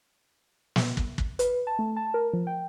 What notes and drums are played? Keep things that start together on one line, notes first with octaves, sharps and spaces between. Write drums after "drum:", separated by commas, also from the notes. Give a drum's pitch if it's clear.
drum: snare
drum: kick
drum: kick
B4, drum: hi-hat
A5
A3
A5
A#4
F3
G5